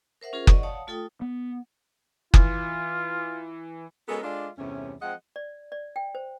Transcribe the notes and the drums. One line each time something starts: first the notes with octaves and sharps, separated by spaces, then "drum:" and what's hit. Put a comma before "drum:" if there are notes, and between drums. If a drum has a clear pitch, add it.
A#4 C5 E5 F#5
C#4 F4 G#4 A#4 C5
D5 D#5 F#5 C#6, drum: kick F#1
C#5 F5 F#5 A5 D#6
A3 F4 A4 G5 D#6
B3
E3 F4, drum: kick F#1
G#3 B3 C#4 F#4 A4 A#4
G#3 D4 F4 A4 D5
E2 G2 C3 A3 C#4
F3 G#3 C4 D#5 F#5
D5
D5
G5
C5